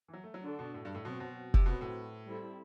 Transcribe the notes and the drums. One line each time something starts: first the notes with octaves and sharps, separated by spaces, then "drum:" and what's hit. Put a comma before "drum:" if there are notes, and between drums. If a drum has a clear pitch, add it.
E3
F#3
A3
F#3
D3 D4 F#4 A4
B2
A2
G2
A2
B2 F#3 C4 F#4
B2
C3, drum: kick F1
B2 F#3 C4 F#4 B4
A2
G3 C4 E4 A4